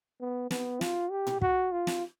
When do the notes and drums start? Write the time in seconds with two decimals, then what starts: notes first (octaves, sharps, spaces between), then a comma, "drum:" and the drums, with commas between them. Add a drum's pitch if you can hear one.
0.21 B3
0.51 B3, drum: snare
0.81 F4, drum: snare
1.11 G4
1.27 drum: tom A2
1.42 F#4, drum: kick
1.72 F4
1.87 drum: snare